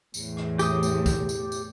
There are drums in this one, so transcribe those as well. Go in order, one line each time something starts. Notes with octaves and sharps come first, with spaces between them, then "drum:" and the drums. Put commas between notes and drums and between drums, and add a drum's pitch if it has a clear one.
E2 A2, drum: tambourine
drum: rim click
G4 A4 D#6, drum: tambourine
drum: tambourine
drum: kick, tambourine
drum: tambourine
drum: tambourine